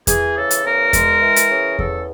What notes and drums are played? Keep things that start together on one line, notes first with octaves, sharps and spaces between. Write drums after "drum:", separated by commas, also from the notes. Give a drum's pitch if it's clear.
E3 G#4, drum: kick E2, hi-hat
C#3 A4
drum: hi-hat
E2 A#4
G#3, drum: kick E2, hi-hat
E3
drum: hi-hat
C#3
E2 A4, drum: kick E2